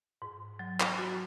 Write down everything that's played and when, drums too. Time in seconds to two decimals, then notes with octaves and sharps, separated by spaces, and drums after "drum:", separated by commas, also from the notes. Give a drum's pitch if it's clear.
0.22 G#2
0.59 F#3
0.80 drum: clap
0.98 F#3 F#4